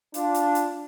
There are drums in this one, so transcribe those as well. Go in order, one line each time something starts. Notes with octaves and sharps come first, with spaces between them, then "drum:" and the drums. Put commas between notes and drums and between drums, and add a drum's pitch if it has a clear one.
D4 F4, drum: hi-hat
drum: hi-hat
drum: hi-hat